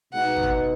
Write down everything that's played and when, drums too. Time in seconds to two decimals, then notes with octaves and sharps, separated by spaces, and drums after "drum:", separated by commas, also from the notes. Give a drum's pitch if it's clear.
0.13 B2 G#3 B3 D#4 F#5
0.37 drum: kick